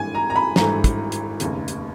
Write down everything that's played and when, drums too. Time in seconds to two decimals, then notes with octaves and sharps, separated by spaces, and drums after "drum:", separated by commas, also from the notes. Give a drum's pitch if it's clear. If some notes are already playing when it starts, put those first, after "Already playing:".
Already playing: G#1 G2 E3 A3 G#5
0.15 A#5
0.30 A#5
0.36 B5
0.56 G#1 G2 E3 A3 A#5, drum: snare
0.84 drum: kick, hi-hat
1.12 drum: hi-hat
1.40 F1 D#2 C#3, drum: hi-hat
1.68 drum: hi-hat